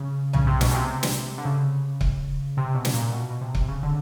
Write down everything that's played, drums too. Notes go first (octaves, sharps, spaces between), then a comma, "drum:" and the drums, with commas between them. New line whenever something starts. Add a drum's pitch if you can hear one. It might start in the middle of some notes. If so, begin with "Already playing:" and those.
Already playing: C#3
C#3, drum: tom B1
C3
B2, drum: snare
C#3
C3
drum: snare
D3
C#3
drum: kick C#1
C3
B2
drum: snare
A#2
B2
B2
C3
drum: kick C#1
C#3
D3